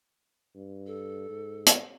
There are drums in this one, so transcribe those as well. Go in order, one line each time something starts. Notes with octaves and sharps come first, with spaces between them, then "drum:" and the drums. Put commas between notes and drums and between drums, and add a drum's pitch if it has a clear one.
G2
A4
G#2
drum: hi-hat